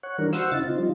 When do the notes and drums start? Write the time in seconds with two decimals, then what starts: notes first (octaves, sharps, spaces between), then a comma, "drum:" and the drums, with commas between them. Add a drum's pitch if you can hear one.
0.03 C#5 F#5
0.18 D#3 E3 G3 D4 A#4
0.33 F#4 C5 F5 F#5 E6, drum: hi-hat
0.52 C#3 D#4 E4 A6
0.65 C4 D#4 F4
0.78 F3 G3 D#4 F4